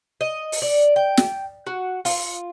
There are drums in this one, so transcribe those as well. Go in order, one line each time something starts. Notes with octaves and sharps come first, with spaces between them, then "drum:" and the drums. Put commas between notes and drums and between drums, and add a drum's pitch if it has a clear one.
D#5
drum: open hi-hat
D5
G5
drum: snare
F#4
F4, drum: open hi-hat